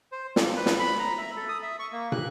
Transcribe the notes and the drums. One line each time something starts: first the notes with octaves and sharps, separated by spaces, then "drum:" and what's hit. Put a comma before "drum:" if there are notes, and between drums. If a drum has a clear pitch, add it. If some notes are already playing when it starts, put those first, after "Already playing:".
C5
A#3, drum: snare
B4
drum: snare
B5
A#5
E5
A4
D#6
E5
C#6
A#3
F#6, drum: tom